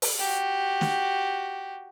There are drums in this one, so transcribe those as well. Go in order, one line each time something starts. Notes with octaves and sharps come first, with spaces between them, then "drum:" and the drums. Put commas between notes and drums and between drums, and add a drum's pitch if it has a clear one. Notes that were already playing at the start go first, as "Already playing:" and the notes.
drum: open hi-hat
F#4 G4
drum: snare